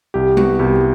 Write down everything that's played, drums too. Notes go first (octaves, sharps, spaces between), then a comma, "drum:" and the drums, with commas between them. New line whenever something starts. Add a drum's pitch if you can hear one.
C2 G4
B3 F#4, drum: tom G3
C2 G4